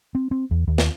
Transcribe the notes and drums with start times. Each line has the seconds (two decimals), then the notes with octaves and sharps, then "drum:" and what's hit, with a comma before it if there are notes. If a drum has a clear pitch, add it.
0.15 C4
0.31 C4
0.51 E2
0.67 D#2
0.78 drum: snare